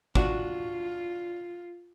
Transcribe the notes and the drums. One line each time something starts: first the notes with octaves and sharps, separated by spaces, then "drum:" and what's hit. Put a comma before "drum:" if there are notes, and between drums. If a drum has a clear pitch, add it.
D4 F4 F#4, drum: kick